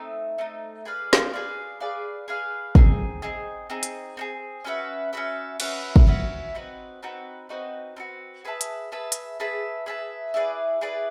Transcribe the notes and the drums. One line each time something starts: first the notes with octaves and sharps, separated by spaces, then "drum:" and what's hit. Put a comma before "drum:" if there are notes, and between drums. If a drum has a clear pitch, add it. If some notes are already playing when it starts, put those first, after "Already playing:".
Already playing: A3 C4 D#4
A3 C4 D#4
G#4 B4 D5 F5
drum: snare
G#4 B4 D5 F5
G#4 B4 D5 F5
G#4 B4 D5 F5
C4 D#4 G#4, drum: kick
C4 D#4 G#4
C4 D#4 G#4
drum: hi-hat
C4 D#4 G#4
C#4 F#4 B4 E5
C#4 F#4 B4 E5
C#4 F#4 B4 E5, drum: cymbal
drum: kick
C#4 F#4 B4 E5
C4 D#4 F#4 B4
C4 D#4 F#4 B4
C4 D#4 F#4 B4
C4 D#4 F#4 B4
G#4 B4 E5 A5
drum: hi-hat
G#4 B4 E5 A5
drum: hi-hat
G#4 B4 E5 A5
G#4 B4 E5 A5
E4 G#4 B4 D5
E4 G#4 B4 D5